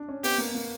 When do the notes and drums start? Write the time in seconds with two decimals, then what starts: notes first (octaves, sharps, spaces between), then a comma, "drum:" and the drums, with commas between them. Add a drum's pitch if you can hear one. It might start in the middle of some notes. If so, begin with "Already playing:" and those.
Already playing: D4
0.09 C#4
0.24 B3 G4, drum: open hi-hat
0.38 A#3
0.55 A#3